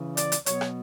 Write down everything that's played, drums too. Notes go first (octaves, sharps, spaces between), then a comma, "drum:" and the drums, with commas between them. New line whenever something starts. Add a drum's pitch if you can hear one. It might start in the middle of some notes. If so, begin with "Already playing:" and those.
Already playing: C#3 E3
D5, drum: hi-hat
drum: hi-hat
B2 F#3 C#5, drum: hi-hat
drum: rim click